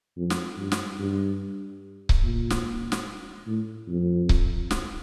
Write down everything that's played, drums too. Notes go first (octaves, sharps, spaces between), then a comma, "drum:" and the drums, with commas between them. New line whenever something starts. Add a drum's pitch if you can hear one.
F2
drum: snare
G2
drum: snare
G2
drum: kick C#1
A#2
drum: snare
drum: snare
A2
F2
drum: kick C#1
drum: snare